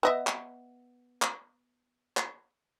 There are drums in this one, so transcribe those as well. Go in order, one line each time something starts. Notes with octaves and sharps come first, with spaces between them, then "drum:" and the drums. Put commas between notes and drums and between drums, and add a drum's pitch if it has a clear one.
B3 D#5 E5
drum: clap
drum: clap
drum: clap